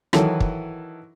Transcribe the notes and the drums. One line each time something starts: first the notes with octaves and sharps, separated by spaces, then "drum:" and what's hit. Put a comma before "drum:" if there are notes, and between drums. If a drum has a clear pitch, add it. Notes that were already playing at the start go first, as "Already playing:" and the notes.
D#3 E3 F#3 E4 A4, drum: rim click
drum: kick